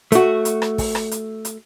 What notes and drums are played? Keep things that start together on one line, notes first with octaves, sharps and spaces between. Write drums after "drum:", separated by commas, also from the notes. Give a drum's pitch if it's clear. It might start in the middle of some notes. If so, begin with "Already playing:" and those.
A3 F#4, drum: hi-hat
drum: hi-hat
drum: rim click
drum: kick, open hi-hat
drum: rim click
drum: hi-hat
drum: hi-hat